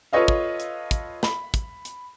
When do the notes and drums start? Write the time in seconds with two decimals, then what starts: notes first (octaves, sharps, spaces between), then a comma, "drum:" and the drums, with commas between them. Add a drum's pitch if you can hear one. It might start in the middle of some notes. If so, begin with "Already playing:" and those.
0.13 F4 A4 B4 C#5 D#5 F5
0.28 drum: kick
0.60 drum: hi-hat
0.91 drum: kick, hi-hat
1.23 B5, drum: snare
1.54 drum: kick, hi-hat
1.85 drum: hi-hat